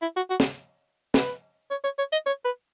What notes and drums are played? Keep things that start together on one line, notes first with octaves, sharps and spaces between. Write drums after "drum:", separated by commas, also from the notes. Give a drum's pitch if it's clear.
E4
F#4
F#4
drum: snare
B4, drum: snare
C#5
C#5
C#5
D#5
C#5
B4